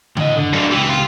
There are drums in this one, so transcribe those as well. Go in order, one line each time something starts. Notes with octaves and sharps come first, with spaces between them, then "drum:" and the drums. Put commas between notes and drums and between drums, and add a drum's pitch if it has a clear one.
A2 D#5, drum: tom C#3
D3
G2 D3 F#3 D4
C#2 E3 G4
F4